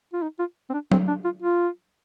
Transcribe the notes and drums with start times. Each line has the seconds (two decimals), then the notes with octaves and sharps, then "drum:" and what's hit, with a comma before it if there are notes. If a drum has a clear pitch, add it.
0.13 F4
0.22 D#4
0.39 F4
0.70 C4
0.73 D4
0.92 C4, drum: tom F#3
1.08 D4
1.24 F4
1.42 F4